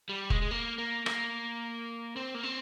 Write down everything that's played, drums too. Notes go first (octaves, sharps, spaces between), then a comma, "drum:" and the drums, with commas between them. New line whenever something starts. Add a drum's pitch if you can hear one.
G3
G#3, drum: kick
G#3
A#3
A#3
A#3, drum: rim click
C4
A#3
C4